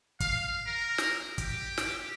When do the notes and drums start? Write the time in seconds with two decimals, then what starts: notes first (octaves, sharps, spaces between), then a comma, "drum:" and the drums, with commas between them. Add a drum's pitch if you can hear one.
0.20 F5, drum: kick, hi-hat
0.66 A#4
0.98 drum: snare
1.38 G4, drum: kick, hi-hat
1.78 drum: snare